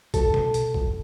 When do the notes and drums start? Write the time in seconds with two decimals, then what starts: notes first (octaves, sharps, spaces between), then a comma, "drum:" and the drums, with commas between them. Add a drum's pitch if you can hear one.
0.14 A4, drum: kick B1, hi-hat
0.34 drum: tom B2
0.54 drum: hi-hat
0.74 drum: kick B1